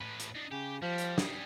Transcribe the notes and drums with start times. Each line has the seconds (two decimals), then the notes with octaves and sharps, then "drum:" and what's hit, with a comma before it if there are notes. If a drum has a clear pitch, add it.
0.01 A2 B4
0.20 drum: hi-hat
0.35 D4 D#4
0.51 C#3 G4
0.82 F3 G3
0.98 drum: hi-hat
1.18 G3 G#4, drum: snare